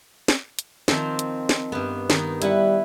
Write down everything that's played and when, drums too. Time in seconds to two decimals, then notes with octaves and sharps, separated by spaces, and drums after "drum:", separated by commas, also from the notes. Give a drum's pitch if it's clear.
0.28 drum: snare
0.59 drum: hi-hat
0.88 D#3 F3 C4, drum: snare
1.19 drum: hi-hat
1.49 drum: snare
1.72 G2 B3
2.10 D#3 D#4, drum: snare
2.42 G3 E4 B4 F#5, drum: hi-hat